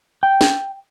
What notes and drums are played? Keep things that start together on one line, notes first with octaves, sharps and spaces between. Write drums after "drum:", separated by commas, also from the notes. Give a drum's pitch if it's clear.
G5
drum: snare